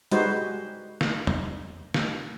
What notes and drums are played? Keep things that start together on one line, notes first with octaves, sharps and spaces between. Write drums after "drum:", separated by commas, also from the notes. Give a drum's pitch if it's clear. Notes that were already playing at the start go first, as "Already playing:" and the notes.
G3 G#3 D#4 F#4 B4 C5, drum: hi-hat
drum: snare
drum: tom
drum: snare